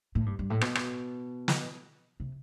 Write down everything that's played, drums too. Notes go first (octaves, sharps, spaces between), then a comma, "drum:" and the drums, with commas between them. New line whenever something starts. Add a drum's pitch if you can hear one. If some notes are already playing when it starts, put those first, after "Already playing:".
A2
G2
G2
A2
B2, drum: rim click
drum: rim click
drum: snare
C3